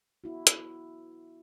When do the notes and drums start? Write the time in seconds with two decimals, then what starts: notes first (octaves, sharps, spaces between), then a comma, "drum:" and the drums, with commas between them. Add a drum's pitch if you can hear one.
0.24 B3 E4 F#4
0.47 drum: hi-hat